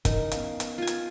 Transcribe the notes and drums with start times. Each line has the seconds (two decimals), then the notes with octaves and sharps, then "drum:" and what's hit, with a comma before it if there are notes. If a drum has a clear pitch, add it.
0.05 E3 C#4 D#4 A#4, drum: kick, hi-hat
0.32 B3 F5, drum: hi-hat
0.60 drum: hi-hat
0.78 F4 G#5
0.87 drum: hi-hat